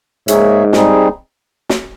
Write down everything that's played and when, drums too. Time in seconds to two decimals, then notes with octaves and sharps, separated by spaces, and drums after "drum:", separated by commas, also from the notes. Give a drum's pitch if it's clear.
0.28 G#2 A#3 D#4 G#4 C#5 E5, drum: hi-hat
0.73 G3 C4 D#4 G#4, drum: snare
1.69 drum: snare